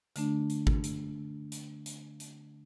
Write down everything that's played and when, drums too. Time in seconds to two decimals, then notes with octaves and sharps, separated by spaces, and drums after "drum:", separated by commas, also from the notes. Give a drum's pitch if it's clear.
0.16 D3 A3 D4, drum: hi-hat
0.50 drum: hi-hat
0.67 drum: kick G#1
0.84 drum: hi-hat
1.52 drum: hi-hat
1.86 drum: hi-hat
2.20 drum: hi-hat